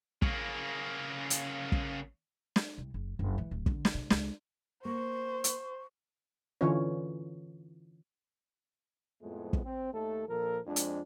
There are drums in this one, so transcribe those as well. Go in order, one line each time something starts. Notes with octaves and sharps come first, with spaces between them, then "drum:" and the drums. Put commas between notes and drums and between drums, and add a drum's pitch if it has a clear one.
C#3 A#3, drum: kick
drum: hi-hat
drum: kick
drum: snare
C2
F#1
F#1
E3
D1
D3, drum: kick
drum: snare
C3
C#2, drum: snare
A#3 C5 C#6
drum: hi-hat
D3 E3 C#4 F4 C#5
F2 A2 F3 G#3 A3 B3
drum: kick
C4
D#2 A3 A4
A#1 A#2 F3 A4 A#4
F2 F3 G#3 D4
drum: hi-hat